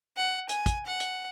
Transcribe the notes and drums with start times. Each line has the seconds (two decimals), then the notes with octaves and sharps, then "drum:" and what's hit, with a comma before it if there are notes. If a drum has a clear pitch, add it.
0.17 F#5
0.49 G#5, drum: hi-hat
0.66 drum: kick, hi-hat
0.86 F#5
1.00 drum: hi-hat